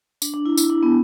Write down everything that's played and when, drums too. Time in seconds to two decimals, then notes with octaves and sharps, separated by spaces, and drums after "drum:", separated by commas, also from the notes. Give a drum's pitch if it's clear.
0.22 D4, drum: tambourine
0.34 D4
0.46 E4
0.57 E4, drum: tambourine
0.70 D4
0.83 B3